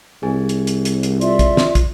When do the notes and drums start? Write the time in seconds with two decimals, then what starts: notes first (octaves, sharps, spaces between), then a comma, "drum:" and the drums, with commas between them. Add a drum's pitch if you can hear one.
0.23 C2 G#4 G#5
0.49 drum: hi-hat
0.67 drum: hi-hat
0.85 drum: hi-hat
1.03 drum: hi-hat
1.21 F4 D5 E5 C6, drum: hi-hat
1.39 drum: kick, hi-hat
1.57 drum: snare
1.75 drum: kick, hi-hat